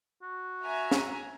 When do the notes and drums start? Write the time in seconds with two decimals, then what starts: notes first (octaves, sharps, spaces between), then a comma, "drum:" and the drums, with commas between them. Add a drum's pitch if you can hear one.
0.23 F#4
0.65 E5 G#5 A#5
0.91 drum: snare